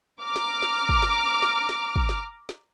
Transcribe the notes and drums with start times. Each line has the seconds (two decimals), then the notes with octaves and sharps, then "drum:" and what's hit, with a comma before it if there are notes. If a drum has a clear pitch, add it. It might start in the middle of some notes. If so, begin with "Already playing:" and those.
0.22 A#5 D6 F6
0.36 drum: snare
0.62 drum: snare
0.89 drum: kick
1.02 drum: snare
1.42 drum: snare
1.69 drum: snare
1.96 drum: kick
2.09 drum: snare
2.49 drum: snare